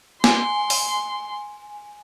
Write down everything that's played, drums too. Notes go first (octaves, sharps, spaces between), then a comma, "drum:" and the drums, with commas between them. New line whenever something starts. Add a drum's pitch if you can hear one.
G#5 C6, drum: snare
drum: open hi-hat